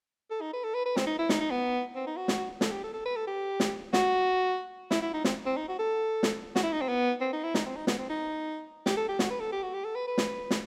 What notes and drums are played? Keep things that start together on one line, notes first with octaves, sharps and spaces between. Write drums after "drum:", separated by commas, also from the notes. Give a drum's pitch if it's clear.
A4
D#4
B4
A4
B4
B4
C4, drum: snare
D#4
E4
D#4, drum: snare
D#4
B3
C4
D#4
F#4
drum: snare
A4, drum: snare
G4
A4
A4
B4
A4
G4
drum: snare
F#4, drum: snare
E4, drum: snare
E4
D#4
C4, drum: snare
C4
D#4
F#4
A4
drum: snare
F#4, drum: snare
E4
D#4
C4
B3
C4
D#4
E4
D#4, drum: snare
C4
D#4
B3, drum: snare
C4
D#4
G4, drum: snare
A4
G4
F#4, drum: snare
B4
A4
G4
F#4
G4
A4
B4
B4
drum: snare
drum: snare